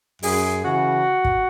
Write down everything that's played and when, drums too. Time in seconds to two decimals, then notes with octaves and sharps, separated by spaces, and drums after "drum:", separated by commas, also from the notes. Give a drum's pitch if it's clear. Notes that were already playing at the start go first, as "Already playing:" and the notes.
0.23 F#2 G#4, drum: open hi-hat
0.63 C#3 E3 F#4
1.25 drum: kick